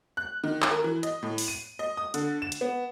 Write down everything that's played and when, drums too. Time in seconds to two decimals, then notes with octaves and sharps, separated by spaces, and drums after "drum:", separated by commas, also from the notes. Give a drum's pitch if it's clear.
0.17 F#6
0.44 D#3
0.62 drum: clap
0.71 A#4
0.84 E3
1.03 D#5, drum: hi-hat
1.23 A2
1.38 drum: open hi-hat
1.48 D#7
1.79 D#5
1.97 D#6
2.14 D3, drum: hi-hat
2.42 E7
2.52 drum: hi-hat
2.61 B3